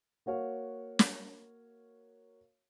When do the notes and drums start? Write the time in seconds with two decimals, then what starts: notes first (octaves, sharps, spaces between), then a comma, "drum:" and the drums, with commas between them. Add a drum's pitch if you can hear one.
0.26 A#3 F#4 C#5 F5
0.99 drum: snare